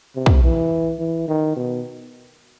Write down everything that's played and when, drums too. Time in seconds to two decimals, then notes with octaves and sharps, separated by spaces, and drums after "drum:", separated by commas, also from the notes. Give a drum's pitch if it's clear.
0.16 C3
0.26 drum: kick
0.43 E3
0.99 E3
1.28 D#3
1.56 B2